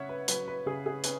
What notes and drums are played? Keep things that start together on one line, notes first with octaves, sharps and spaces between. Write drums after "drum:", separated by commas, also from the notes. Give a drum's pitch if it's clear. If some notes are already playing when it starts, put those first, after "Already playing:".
Already playing: C#3 C#4 C#5 E5 F#5
B4
F#3 B4, drum: hi-hat
B4
C#3 G#4
G#4
C#4 B4, drum: hi-hat